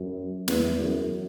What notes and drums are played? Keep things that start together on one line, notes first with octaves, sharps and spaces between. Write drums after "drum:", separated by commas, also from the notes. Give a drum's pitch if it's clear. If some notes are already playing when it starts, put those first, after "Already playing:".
Already playing: F#2
E2, drum: snare
F#2